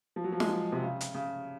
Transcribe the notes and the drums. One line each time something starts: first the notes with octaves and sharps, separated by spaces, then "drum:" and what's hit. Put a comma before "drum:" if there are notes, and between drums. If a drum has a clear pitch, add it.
F3
F#3
F3
G#3, drum: snare
F3
C3
C#3
drum: hi-hat
C#3